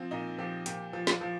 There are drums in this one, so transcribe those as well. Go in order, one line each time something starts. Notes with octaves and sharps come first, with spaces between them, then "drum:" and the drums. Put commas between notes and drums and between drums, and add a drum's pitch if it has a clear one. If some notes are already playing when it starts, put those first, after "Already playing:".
Already playing: F3 C4
A#2 D#4
F3 G4
A#2 G4, drum: hi-hat
F3
drum: snare
F3